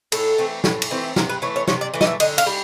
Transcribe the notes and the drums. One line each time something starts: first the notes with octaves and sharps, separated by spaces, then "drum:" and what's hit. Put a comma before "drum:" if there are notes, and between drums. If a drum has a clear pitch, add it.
A2 A4, drum: cymbal
E3 A3 C4
A2, drum: snare
drum: cymbal
E3 A3 C4
C3 A#4, drum: snare
B4
E3 A3 C#5
C#5
C3 C#5, drum: snare
D5
E3 A3
D#5, drum: snare
E5
D3 D#5, drum: cymbal
F5, drum: cymbal
G3